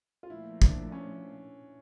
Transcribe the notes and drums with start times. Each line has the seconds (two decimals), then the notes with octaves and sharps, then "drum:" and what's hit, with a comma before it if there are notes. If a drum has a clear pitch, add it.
0.23 F4
0.30 A#2 F3 A3 E4
0.62 D4, drum: kick
0.92 C#4